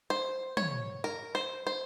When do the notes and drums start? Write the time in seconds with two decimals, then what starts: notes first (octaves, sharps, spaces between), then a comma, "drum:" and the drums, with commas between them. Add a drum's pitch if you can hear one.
0.10 C5
0.57 C#5, drum: tom
1.04 A#4
1.35 C5
1.67 C5